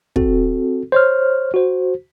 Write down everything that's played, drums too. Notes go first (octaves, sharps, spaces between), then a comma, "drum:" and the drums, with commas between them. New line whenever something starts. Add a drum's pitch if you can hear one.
C4 F#4 A4, drum: kick
C5 C#5 F6
F#4 C5